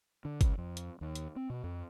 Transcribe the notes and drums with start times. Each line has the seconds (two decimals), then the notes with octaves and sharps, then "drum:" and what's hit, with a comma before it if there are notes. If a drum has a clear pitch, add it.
0.25 D3
0.41 C#2, drum: kick G1, hi-hat
0.58 F2
0.77 drum: hi-hat
1.01 D#2
1.16 drum: hi-hat
1.36 C4
1.50 B2
1.64 F2